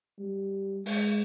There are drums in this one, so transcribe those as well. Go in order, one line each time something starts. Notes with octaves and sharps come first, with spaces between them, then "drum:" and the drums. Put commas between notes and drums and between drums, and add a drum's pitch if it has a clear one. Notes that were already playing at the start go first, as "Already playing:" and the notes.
G3
G#3, drum: open hi-hat